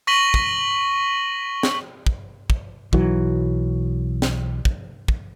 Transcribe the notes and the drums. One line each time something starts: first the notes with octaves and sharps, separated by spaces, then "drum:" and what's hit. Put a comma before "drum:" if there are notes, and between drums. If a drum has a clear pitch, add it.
C#6 A#6 B6 D#7 F#7 G7
drum: kick
drum: snare
drum: kick
drum: kick
B1 E3 F#3, drum: kick
drum: snare
drum: kick
drum: kick